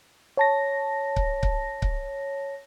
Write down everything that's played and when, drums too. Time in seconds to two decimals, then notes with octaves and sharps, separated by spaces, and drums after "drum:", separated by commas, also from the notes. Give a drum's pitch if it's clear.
0.37 C#5 A5 A#6
1.16 drum: kick C#1
1.43 drum: kick C#1
1.82 drum: kick C#1